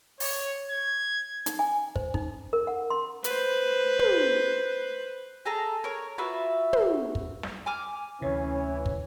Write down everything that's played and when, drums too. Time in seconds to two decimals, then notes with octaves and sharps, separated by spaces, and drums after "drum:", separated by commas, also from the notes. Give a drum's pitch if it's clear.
0.20 C#5, drum: open hi-hat
0.71 G#6
1.46 D#4, drum: hi-hat
1.59 G#5
1.96 C5, drum: kick
2.14 D#4, drum: kick
2.53 A#4
2.67 F#5
2.90 C6
3.24 B4 C5, drum: hi-hat
3.99 drum: tom
5.45 G#4 A4 A#5
5.84 A#4 C#5
6.18 F4 F#4 B4 E5
6.73 drum: tom
7.15 drum: kick
7.43 drum: snare
7.66 G#5 D6 F6
8.22 D2 C3 E3 C#4 C#5
8.86 drum: kick